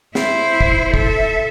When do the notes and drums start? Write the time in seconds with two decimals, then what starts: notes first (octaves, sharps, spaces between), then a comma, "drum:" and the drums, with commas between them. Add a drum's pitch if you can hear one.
0.15 E4 C5, drum: snare
0.61 drum: kick
0.94 A4 E5, drum: kick